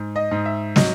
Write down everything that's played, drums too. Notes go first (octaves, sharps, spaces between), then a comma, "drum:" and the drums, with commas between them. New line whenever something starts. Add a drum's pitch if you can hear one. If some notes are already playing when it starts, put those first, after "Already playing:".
Already playing: G#2
D#5
G#2
E5
F#3 D#5, drum: snare